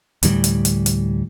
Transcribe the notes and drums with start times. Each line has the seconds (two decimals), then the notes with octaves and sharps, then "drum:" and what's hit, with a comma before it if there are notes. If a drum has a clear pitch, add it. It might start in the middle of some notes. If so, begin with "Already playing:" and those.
0.23 D2 A2 E3 G3, drum: hi-hat
0.44 drum: hi-hat
0.65 drum: hi-hat
0.86 drum: hi-hat